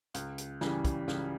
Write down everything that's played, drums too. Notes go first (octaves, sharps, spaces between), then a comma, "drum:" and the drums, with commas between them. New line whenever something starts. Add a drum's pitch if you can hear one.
C#2, drum: hi-hat
drum: hi-hat
C#3 E3 G3, drum: snare
drum: kick, hi-hat
C#2, drum: snare